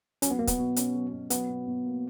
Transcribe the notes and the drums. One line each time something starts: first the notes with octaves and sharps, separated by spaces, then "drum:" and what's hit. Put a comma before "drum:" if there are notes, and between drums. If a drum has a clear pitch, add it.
F#3 C#4, drum: hi-hat
B3
B2 A#3
B3, drum: kick, hi-hat
B2
C#4, drum: hi-hat
F#3
B2
F#3 B3, drum: hi-hat
B2
B2
A#3